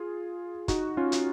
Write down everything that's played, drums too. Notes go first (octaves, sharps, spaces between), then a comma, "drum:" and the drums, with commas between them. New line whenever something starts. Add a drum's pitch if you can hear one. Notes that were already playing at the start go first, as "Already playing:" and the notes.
Already playing: F4 G#4
D#4 F#4, drum: kick, hi-hat
C#4 F4
drum: hi-hat